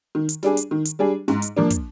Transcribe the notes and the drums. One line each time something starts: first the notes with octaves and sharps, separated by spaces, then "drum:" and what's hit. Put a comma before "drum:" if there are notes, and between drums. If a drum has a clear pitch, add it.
D#3
drum: hi-hat
G3 D4 G#4, drum: snare
drum: hi-hat
D#3
drum: hi-hat
G3 D4 G#4
G#2, drum: snare
drum: hi-hat
F3 A#3 D4
drum: kick, hi-hat